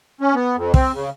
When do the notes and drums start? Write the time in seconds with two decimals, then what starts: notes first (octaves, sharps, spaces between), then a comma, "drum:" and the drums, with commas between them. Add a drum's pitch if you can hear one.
0.21 C#4
0.35 B3
0.56 F2
0.74 C4, drum: kick
0.94 C#3